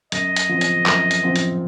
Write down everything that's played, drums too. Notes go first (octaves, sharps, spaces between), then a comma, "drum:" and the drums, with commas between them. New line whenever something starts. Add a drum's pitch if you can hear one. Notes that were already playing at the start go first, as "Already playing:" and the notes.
F#2 D#5, drum: hi-hat
drum: hi-hat
F3 C4
drum: hi-hat
F#2, drum: clap
drum: hi-hat
F3 C4
drum: hi-hat